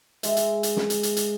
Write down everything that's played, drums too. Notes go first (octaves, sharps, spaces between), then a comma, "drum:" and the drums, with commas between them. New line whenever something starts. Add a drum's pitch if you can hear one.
G#3 E5, drum: hi-hat
drum: hi-hat
drum: hi-hat
drum: snare
drum: hi-hat
drum: hi-hat
drum: hi-hat